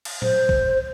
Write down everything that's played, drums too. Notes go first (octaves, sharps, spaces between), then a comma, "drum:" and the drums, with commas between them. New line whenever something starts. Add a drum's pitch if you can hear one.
drum: cymbal
C5, drum: tom A2
drum: kick A#1